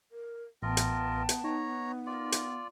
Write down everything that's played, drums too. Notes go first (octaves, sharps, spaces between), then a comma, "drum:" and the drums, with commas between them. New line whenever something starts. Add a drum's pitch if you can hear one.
A#4
A1 B3 F4 A#4 B4 D#5 G5 A5
drum: hi-hat
drum: hi-hat
D#4 C#5 A#5
F4 A#4 D5
drum: hi-hat